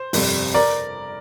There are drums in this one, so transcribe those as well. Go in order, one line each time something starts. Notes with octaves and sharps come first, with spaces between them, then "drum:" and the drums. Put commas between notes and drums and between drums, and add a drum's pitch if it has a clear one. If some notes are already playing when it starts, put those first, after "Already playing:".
Already playing: C5
G1 F2 C3 G3, drum: open hi-hat
A#4 D5